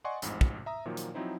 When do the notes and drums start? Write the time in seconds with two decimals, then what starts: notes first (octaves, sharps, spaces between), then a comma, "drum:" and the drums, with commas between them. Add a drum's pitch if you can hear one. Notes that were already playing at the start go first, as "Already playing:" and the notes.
0.04 D5 D#5 F#5 G#5 C6 C#6
0.22 A1 F2 G#2, drum: hi-hat
0.41 drum: kick
0.66 E5 A#5 D#6
0.85 A#2 D#3 F3 F#3 A#3
0.97 drum: hi-hat
1.14 F3 F#3 C4 D#4 E4 C5